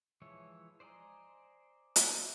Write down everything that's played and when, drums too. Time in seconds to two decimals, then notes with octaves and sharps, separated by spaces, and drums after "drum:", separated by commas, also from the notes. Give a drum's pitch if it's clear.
0.22 E3 F3 G#3 E4 C#5
0.80 C5 D5 D#5 G#5 A#5
1.96 drum: hi-hat